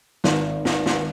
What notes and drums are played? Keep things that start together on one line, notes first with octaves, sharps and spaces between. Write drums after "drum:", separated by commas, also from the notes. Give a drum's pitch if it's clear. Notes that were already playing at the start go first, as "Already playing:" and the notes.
G#1, drum: snare
drum: snare
drum: snare